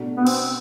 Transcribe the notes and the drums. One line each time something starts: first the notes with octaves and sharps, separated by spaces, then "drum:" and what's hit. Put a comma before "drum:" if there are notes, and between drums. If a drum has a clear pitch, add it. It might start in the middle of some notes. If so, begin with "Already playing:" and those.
Already playing: B2 A3 D4 F#4
B3
C4, drum: cymbal